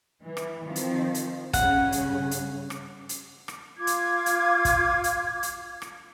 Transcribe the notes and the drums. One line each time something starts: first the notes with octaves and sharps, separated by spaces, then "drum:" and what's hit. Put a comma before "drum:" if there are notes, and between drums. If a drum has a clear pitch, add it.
E3
drum: rim click
D#3 F3 C4
drum: hi-hat
drum: hi-hat
G2 C#3 C#4 F#5, drum: kick, hi-hat
drum: hi-hat
drum: hi-hat
drum: rim click
drum: hi-hat
drum: rim click
F4 D6 G#6
drum: hi-hat
drum: hi-hat
drum: kick, hi-hat
drum: hi-hat
drum: hi-hat
drum: rim click